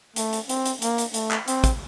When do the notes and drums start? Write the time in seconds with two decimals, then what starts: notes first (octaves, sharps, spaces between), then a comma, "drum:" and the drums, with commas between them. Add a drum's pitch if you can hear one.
0.16 A3, drum: hi-hat
0.33 drum: hi-hat
0.49 C4, drum: hi-hat
0.66 drum: hi-hat
0.82 A#3, drum: hi-hat
0.98 drum: hi-hat
1.14 A3, drum: hi-hat
1.31 drum: clap
1.48 C4, drum: hi-hat
1.64 drum: kick, hi-hat